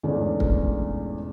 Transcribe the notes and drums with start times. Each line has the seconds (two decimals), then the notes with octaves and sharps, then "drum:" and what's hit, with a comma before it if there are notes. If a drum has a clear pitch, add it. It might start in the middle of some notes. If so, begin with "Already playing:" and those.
0.03 E2 G#2 B2 A3 C#4 D4
0.40 drum: kick